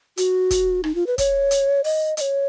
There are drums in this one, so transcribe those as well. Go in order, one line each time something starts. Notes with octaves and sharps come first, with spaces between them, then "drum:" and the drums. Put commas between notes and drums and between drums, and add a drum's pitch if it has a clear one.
F#4, drum: hi-hat
drum: kick, hi-hat
D#4, drum: rim click
F4
B4
C#5, drum: kick, hi-hat
drum: hi-hat
D#5, drum: open hi-hat
D#5, drum: hi-hat
C#5